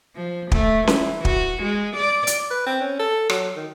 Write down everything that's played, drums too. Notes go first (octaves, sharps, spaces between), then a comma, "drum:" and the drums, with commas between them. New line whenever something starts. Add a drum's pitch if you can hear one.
F3
A3, drum: kick
E3, drum: snare C#4
F#4, drum: kick
G#3
D5
drum: hi-hat
B4
C4
C#4
A4
F#3, drum: rim click
D#3